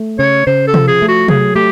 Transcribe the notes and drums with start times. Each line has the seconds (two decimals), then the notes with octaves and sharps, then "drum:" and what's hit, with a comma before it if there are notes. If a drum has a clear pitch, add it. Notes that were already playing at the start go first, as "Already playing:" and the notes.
Already playing: A3
0.19 C#3 C#5
0.47 C#3 C5
0.67 A4
0.74 F3, drum: tom C3
0.87 G#4
1.02 A3
1.08 F#4
1.28 F#3 G#4, drum: tom C3
1.55 A3 G4